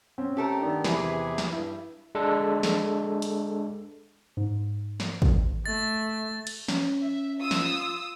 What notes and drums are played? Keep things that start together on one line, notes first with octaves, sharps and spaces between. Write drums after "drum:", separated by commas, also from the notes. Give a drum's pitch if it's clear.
C4 C#4
A3 G4 A4 A#4
D#3 A3 B3 D4
E2 C3 E3 G#4 B4 G#5, drum: snare
drum: snare
G2 E4
G#3 D4 A4
drum: snare
drum: hi-hat
G#2
drum: snare
drum: kick
A3 A6
drum: cymbal
C#4, drum: snare
E5
F4 D#6 E6
drum: snare